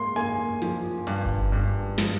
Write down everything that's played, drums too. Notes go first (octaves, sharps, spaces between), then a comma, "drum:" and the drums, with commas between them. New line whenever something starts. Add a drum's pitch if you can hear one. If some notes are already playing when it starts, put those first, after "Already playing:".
Already playing: G#2 A#3 C6
A#3 G#5
F3, drum: hi-hat
G2, drum: hi-hat
drum: kick G1
G2
F3, drum: snare